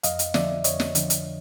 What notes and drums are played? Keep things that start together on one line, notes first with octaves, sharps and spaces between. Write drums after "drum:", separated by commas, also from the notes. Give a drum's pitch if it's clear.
F2 D#5 F5, drum: hi-hat
drum: hi-hat
D3 F3 D5 E5, drum: snare
F2 C#5 D#5, drum: hi-hat
drum: snare
D3 F3, drum: hi-hat
drum: hi-hat